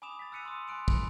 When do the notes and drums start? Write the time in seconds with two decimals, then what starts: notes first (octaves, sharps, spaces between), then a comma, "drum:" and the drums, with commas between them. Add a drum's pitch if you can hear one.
0.02 G#5 B5 D6 D#6 E7 F7
0.19 A6 B6
0.32 E6 F#6 C#7 D#7 F7
0.45 C6 D#6
0.68 G#5 C6 F#6 D7 F7
0.88 B5 C#7, drum: kick